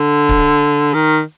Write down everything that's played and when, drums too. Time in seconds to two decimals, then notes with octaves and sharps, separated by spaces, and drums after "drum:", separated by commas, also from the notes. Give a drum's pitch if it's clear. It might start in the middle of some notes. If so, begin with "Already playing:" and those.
Already playing: D3
0.29 drum: kick
0.94 D#3